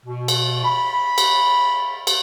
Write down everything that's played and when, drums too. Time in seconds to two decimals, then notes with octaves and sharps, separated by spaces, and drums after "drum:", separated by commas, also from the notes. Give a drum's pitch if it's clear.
0.06 B2
0.28 drum: cymbal
0.64 B5
1.18 drum: cymbal
2.07 drum: cymbal